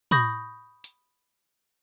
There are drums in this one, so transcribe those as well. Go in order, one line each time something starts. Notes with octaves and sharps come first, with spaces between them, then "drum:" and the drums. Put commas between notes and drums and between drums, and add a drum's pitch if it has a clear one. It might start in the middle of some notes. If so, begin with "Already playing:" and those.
B5 C#6 D#6 G6 A#6, drum: tom
drum: hi-hat